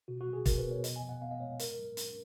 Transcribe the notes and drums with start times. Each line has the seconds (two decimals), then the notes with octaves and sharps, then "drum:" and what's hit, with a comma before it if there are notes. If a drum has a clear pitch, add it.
0.08 B2 F#4
0.21 F#4
0.27 F#3
0.33 G#4
0.46 B2 A#4, drum: kick, hi-hat
0.58 B4
0.65 B3
0.71 C#5
0.84 F2 D#5, drum: hi-hat
0.96 G#5
1.03 F3
1.09 F#5
1.21 B3 F5
1.31 D#5
1.40 G#3 C#5
1.59 G#2 A#4, drum: hi-hat
1.79 F#3
1.97 C#4, drum: hi-hat